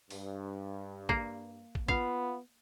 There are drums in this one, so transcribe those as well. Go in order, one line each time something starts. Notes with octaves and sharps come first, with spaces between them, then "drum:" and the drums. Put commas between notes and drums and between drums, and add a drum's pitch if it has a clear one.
G2, drum: open hi-hat
A#3, drum: kick
drum: kick
B3 F4 F5, drum: kick